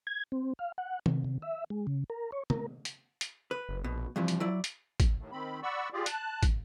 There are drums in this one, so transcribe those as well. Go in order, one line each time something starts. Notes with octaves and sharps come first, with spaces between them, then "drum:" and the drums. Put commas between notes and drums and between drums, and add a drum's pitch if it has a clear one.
G#6
C4
F5
F#5
C3, drum: tom
C3
E5
G#3
C#3
A#4
C#5
A#4, drum: tom
drum: hi-hat
drum: hi-hat
B4
F#1
A#1 B2
G2 C3 E3 F3
drum: hi-hat
F#3 E4 D5
drum: hi-hat
drum: kick, hi-hat
D#2 A2
D#3 C4 B5
D5 F#5 B5 C#6 E6
F4 G4 G#4 D5
A5 F#6, drum: hi-hat
drum: kick, hi-hat